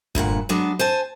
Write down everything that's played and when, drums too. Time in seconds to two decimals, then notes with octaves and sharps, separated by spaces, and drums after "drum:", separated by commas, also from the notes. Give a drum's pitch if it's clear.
0.15 D2 G2 A#2 F#5, drum: kick
0.49 F#3 G#3 B3 D4 F#4
0.79 C5 G#5 A5